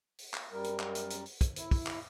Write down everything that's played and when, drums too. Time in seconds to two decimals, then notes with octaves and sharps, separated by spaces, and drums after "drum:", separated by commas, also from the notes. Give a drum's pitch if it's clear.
0.18 drum: open hi-hat
0.34 drum: clap
0.52 F#2 G3 A#4
0.64 drum: hi-hat
0.80 drum: clap
0.95 drum: hi-hat
1.10 drum: hi-hat
1.26 drum: open hi-hat
1.41 drum: kick, hi-hat
1.56 E4, drum: hi-hat
1.71 drum: kick, open hi-hat
1.87 drum: clap